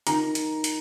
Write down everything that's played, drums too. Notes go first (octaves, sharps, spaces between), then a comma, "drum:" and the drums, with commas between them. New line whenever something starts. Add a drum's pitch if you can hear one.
D#3 A#5, drum: hi-hat
drum: hi-hat
drum: hi-hat